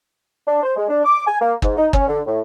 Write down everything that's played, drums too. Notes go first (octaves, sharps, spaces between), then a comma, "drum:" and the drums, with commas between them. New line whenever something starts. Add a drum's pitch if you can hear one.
D4
C5
G#3
D4
D6
G#5
A#3
G#2, drum: kick
D#4
C#4, drum: kick
D3
A2